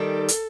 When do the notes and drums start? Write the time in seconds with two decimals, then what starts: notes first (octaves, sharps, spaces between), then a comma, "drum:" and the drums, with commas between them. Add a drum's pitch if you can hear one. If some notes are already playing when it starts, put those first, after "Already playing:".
Already playing: D#3 G3 A4
0.28 drum: hi-hat